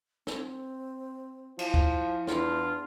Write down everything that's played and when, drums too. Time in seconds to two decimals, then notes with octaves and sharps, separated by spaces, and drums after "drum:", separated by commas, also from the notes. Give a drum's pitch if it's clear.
0.27 C4, drum: snare
1.59 F3 E4, drum: cymbal
1.74 drum: kick
2.27 E2 D4 F4, drum: snare